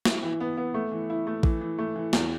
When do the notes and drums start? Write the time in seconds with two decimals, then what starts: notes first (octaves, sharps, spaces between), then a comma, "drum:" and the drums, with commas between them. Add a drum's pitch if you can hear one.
0.05 E4, drum: snare
0.23 E3
0.40 B3
0.57 B3
0.74 A3
0.92 E3
1.10 E4
1.27 A3
1.43 E3, drum: kick A1
1.61 E3
1.78 A3
1.96 E3
2.13 E2, drum: snare